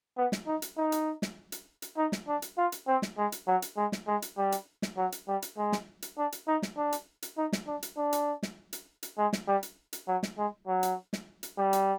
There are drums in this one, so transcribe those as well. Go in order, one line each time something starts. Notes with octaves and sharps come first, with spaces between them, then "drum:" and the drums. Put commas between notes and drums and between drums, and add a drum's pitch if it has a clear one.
B3
drum: snare
D#4
drum: hi-hat
D#4
drum: hi-hat
drum: snare
drum: hi-hat
drum: hi-hat
D#4
drum: snare
D4
drum: hi-hat
F4
drum: hi-hat
C4
drum: snare
G#3
drum: hi-hat
F#3
drum: hi-hat
G#3
drum: snare
G#3
drum: hi-hat
G3
drum: hi-hat
drum: snare
F#3
drum: hi-hat
G3
drum: hi-hat
G#3
drum: snare
drum: hi-hat
D4
drum: hi-hat
D#4
drum: snare
D4
drum: hi-hat
drum: hi-hat
D#4
drum: snare
D4
drum: hi-hat
D4
drum: hi-hat
drum: snare
drum: hi-hat
drum: hi-hat
G#3
drum: snare
G3
drum: hi-hat
drum: hi-hat
F#3
drum: snare
G#3
F#3
drum: hi-hat
drum: snare
drum: hi-hat
G3
drum: hi-hat